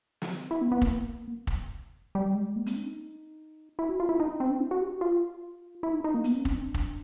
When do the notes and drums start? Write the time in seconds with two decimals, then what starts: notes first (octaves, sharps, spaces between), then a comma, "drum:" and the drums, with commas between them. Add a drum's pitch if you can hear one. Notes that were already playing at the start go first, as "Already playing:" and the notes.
0.22 drum: snare
0.51 E4
0.61 B3
0.72 B3
0.82 A#3, drum: kick
1.47 drum: kick
2.15 G3
2.35 G#3
2.56 A#3
2.66 C4, drum: hi-hat
2.76 D4
2.86 D#4
3.79 E4
3.89 F#4
4.00 F4
4.09 E4
4.20 D#4
4.40 C4
4.50 D4
4.60 E4
4.71 F#4
4.81 G4
4.91 F#4
5.01 F4
5.83 E4
5.94 D#4
6.04 D#4
6.14 A#3
6.24 B3, drum: hi-hat
6.35 C#4
6.45 C4, drum: kick
6.56 D4
6.74 drum: kick